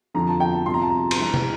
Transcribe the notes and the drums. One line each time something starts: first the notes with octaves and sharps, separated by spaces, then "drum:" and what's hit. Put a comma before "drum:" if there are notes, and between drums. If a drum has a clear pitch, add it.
F2 D3 F3 A#5
A5
G5
A5
C2 C3 F3 C6
A#5
A5
A#5
C6, drum: cymbal
G2 E3 A#5
drum: tom